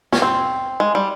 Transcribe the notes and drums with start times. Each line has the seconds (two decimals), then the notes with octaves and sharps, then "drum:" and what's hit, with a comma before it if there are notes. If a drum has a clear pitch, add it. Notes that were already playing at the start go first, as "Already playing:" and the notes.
0.13 C#4, drum: snare
0.22 C4
0.80 G#3
0.95 G3